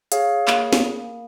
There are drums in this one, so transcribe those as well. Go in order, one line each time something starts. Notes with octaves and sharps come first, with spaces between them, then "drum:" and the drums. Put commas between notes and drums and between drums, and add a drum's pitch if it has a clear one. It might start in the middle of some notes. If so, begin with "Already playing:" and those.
G#4 C#5 F5, drum: hi-hat
A#3, drum: clap
drum: snare